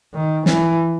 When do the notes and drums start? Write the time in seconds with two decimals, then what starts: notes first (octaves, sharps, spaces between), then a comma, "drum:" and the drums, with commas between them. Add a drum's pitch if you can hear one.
0.14 D#3
0.46 E3, drum: snare